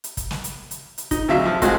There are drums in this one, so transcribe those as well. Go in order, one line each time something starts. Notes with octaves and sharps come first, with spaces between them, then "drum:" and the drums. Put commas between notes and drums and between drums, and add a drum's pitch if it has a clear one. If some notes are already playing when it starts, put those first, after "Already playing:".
drum: hi-hat
drum: kick, hi-hat
drum: snare
drum: hi-hat
drum: hi-hat
drum: hi-hat
D#4, drum: kick, hi-hat
D2 C3 F#3 E5 F5
F3
G#3 A3 C4 F4 F#4 G#4, drum: kick, hi-hat